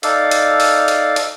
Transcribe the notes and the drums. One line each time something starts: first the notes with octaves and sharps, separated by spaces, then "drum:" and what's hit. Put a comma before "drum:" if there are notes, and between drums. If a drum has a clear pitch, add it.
D#4 A4 D5 F5, drum: hi-hat
drum: hi-hat
drum: open hi-hat
drum: hi-hat
drum: hi-hat